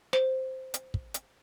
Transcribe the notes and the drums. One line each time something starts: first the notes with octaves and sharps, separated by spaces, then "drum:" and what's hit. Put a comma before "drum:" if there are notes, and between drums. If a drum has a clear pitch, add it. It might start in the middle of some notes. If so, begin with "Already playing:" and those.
C5, drum: snare
drum: hi-hat
drum: kick
drum: hi-hat